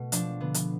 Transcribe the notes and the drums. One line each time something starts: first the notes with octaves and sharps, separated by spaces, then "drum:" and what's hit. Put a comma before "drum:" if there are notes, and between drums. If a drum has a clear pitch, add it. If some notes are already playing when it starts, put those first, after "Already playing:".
Already playing: B2 A3
F3 D4, drum: hi-hat
D3 B3
drum: hi-hat